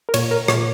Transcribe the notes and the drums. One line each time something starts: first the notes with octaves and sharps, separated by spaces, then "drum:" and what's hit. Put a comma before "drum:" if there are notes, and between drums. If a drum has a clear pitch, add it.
A#4
A#2 C#5, drum: cymbal
A#4
A#2 C#5, drum: rim click